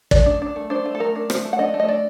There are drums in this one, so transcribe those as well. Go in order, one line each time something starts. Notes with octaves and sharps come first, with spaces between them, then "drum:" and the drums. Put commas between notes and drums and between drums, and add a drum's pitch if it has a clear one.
A3 D5, drum: kick
D4
D4
A3
D4 C5
A3
A4
A3 A#4
D4
A3 C5, drum: rim click
A3
F#5
D4 D#5
A3
D#5
D4 D5